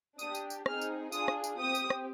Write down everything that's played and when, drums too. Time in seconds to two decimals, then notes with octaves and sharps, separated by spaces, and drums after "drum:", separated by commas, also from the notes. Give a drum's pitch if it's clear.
0.19 D4 G4 D#6, drum: tambourine
0.35 drum: tambourine
0.50 drum: tambourine
0.66 C4 D#4 G#4 F6, drum: rim click
0.81 drum: tambourine
1.12 D4 F4 G#4 D#6, drum: tambourine
1.28 drum: rim click
1.44 drum: tambourine
1.59 C4 G4 D#6
1.75 drum: tambourine
1.90 drum: rim click